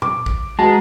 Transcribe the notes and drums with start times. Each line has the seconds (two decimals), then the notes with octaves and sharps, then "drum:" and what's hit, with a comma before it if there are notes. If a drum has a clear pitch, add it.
0.02 D6, drum: tom A#2
0.26 drum: kick A1
0.59 G#3 F#4 B4 A5 A#5